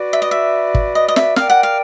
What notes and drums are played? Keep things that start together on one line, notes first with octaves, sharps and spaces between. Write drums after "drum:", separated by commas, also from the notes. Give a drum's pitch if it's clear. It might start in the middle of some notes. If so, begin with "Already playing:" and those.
Already playing: F#4 B4 D5
E5
D#5
E5
drum: kick
D#5
D#5
E5, drum: snare
A#4 D5 F5 G5, drum: snare
F#5
F5